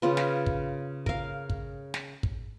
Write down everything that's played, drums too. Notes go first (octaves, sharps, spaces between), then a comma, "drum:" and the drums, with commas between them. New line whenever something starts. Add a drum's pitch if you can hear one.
C#3 F4 B4
drum: snare
drum: kick
A#4 F5, drum: kick
drum: kick
drum: snare
drum: kick